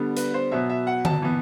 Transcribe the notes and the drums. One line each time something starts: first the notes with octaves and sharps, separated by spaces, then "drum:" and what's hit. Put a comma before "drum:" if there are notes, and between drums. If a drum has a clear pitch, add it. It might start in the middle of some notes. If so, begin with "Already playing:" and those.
Already playing: D3 G3 B3 D4
B4, drum: hi-hat
C5
B2 F#3 B3 E5
E5
F#5
A5, drum: tom D3
E3 B3